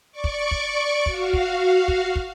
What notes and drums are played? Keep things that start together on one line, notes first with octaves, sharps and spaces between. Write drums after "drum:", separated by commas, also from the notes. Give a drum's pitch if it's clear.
D5 C#6 D6
drum: kick
drum: kick
F#4 F5, drum: kick
drum: kick
drum: kick
drum: kick